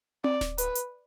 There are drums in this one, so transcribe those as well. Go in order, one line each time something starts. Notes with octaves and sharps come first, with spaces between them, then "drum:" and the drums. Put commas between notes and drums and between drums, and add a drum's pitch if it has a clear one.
D5, drum: tom C4
drum: snare D1
B4, drum: hi-hat
drum: hi-hat